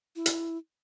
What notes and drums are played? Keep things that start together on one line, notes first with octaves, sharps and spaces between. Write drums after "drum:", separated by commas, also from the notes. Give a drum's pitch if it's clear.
E4
drum: hi-hat